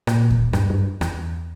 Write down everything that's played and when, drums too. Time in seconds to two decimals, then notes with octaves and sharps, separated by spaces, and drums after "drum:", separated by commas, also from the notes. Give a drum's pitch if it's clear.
0.07 A#2, drum: rim click
0.30 drum: kick D#2
0.53 G2, drum: rim click
0.70 G2
1.01 E2, drum: rim click